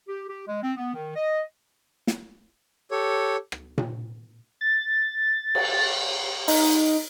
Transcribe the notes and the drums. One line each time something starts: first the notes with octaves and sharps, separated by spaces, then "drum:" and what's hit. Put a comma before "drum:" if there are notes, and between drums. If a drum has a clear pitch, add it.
G4
G4
G#3
C4
B3
D#3
D#5
drum: snare
G4 A4 C#5
drum: rim click
drum: tom A#2
A6
drum: cymbal
D#4, drum: open hi-hat